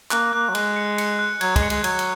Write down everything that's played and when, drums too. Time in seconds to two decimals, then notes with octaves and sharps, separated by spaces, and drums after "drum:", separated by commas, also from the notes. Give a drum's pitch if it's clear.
0.11 A#3 F#6, drum: clap
0.33 A#3 F#6
0.49 F#3
0.55 G#3 F#6, drum: cymbal
0.76 C#7
0.98 C#7, drum: cymbal
1.19 F#6
1.41 F#3 G#6, drum: cymbal
1.56 G#3, drum: kick, cymbal
1.62 C#7
1.70 G#3, drum: cymbal
1.84 F#3 G#6, drum: cymbal
1.99 drum: cymbal